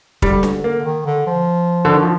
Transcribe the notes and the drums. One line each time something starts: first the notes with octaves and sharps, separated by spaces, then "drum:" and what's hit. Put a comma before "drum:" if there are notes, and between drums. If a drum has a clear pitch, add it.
D3 G3, drum: kick
drum: snare
A#3
D3
D#3
D3
F3
D3
D#3
F3